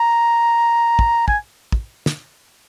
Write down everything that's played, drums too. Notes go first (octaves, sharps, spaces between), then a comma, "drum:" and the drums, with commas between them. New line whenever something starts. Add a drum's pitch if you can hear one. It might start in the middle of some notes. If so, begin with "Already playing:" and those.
Already playing: A#5
drum: kick
G#5, drum: kick
drum: kick
drum: snare